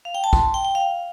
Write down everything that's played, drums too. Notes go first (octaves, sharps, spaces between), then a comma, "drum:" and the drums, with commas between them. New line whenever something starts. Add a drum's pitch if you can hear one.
F5
G5
A5
C6, drum: kick
G5
G5
F5